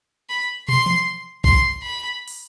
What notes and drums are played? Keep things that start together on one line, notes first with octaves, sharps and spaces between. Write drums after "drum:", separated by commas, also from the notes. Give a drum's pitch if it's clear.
B5
C6, drum: tom
drum: tom E3
C6, drum: kick A#1
B5
drum: open hi-hat